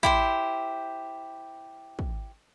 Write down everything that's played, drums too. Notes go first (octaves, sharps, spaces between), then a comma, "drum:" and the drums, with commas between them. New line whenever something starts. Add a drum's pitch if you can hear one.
E4 G4 C5, drum: kick
drum: kick